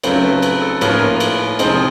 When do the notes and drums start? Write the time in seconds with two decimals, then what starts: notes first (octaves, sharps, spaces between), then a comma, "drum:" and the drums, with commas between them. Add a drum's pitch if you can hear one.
0.03 C#3 F#3 A3 C4 F4 B4, drum: cymbal
0.24 B4
0.42 B4, drum: cymbal
0.62 A4
0.81 A2 F3 A#3 C#4 F4 B4, drum: cymbal
0.90 A#4
0.99 B4
1.20 drum: cymbal
1.59 C3 F3 G#3 C4 D#4, drum: cymbal